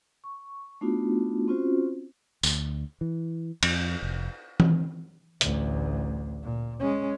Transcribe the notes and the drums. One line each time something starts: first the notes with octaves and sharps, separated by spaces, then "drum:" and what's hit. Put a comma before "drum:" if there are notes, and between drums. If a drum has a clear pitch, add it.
C#6
A3 B3 D4 D#4 F4 F#4
C4 C#4 F4 F#4 C5
D2, drum: tambourine
E3
F2, drum: cymbal
F1
drum: tom E3
A1 D2, drum: hi-hat
A#2
G#3 C#4